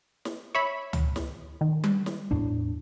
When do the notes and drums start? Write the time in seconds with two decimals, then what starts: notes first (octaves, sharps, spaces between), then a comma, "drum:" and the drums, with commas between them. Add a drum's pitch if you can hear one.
0.25 drum: snare
0.55 C#5 E5 B5
0.93 drum: tom C#2
1.16 drum: snare
1.61 D#3
1.84 drum: tom G3
2.06 drum: snare
2.31 E2 A2 D4